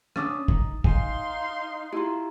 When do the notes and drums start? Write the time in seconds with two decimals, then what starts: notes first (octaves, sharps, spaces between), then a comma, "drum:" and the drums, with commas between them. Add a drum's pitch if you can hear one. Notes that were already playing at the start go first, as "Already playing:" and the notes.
0.16 C#4 D4 D#6 E6 A6, drum: rim click
0.48 D#4, drum: kick
0.84 D#4 F5 G#5 C6, drum: kick
1.92 E4 F4 G4 A#5